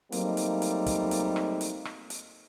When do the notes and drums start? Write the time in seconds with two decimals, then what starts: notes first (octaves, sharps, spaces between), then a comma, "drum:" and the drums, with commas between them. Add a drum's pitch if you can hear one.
0.12 F#3 G3 A3 A#3 C4 D#4, drum: hi-hat
0.37 drum: hi-hat
0.62 drum: hi-hat
0.86 drum: kick, hi-hat
1.11 drum: hi-hat
1.36 drum: rim click
1.61 drum: hi-hat
1.85 drum: rim click
2.10 drum: hi-hat